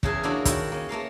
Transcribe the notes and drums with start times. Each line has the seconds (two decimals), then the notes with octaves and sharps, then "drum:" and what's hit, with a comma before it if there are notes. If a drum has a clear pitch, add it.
0.03 E2 C#3 E4 G#4 A#4 A5, drum: kick
0.23 F#3 A#3 D4 E4 F#4 D5
0.45 D#3 E4 F#4, drum: kick, hi-hat
0.72 A#3 C#4
0.89 A3 A#3 A#4 F5